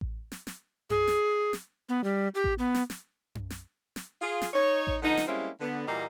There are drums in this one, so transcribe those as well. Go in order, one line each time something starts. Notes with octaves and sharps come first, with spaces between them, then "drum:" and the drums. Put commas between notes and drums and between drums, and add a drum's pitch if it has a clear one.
drum: kick A1
drum: snare
drum: snare
G#4, drum: tom F#2
drum: snare
drum: snare
B3
G3
G4
drum: kick A1
B3
drum: snare
drum: snare
drum: tom F#2
drum: snare
drum: snare
F4 G#4
drum: snare
D#4 C#5
drum: kick A1
D3 F3 B3 D#4
drum: snare
G3 G#3 A#3 C4 C#4 E4
D3 B3
A#2 E3 G3 A#3 F#4 D#5